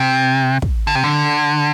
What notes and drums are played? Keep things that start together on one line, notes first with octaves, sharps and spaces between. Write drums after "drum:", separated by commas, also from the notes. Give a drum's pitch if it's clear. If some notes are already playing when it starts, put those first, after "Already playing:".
Already playing: C3
drum: kick
D3
C3
D3